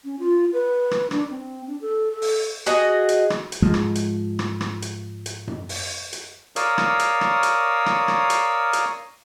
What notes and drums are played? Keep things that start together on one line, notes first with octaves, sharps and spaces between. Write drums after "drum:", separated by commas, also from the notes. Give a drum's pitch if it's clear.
C#4
F4
B4
drum: rim click
D4, drum: rim click
C4
D4
A4
A4
drum: open hi-hat
F#4 G#4 D#5, drum: hi-hat
drum: hi-hat
drum: rim click
drum: hi-hat
G#2 F3 G#3
drum: rim click
drum: hi-hat
drum: rim click
drum: rim click
drum: hi-hat
drum: hi-hat
drum: tom F#2
drum: open hi-hat
drum: hi-hat
A#4 C#5 D5 F5 D#6 E6, drum: hi-hat
drum: rim click
drum: hi-hat
drum: rim click
drum: hi-hat
drum: rim click
drum: rim click
drum: hi-hat
drum: hi-hat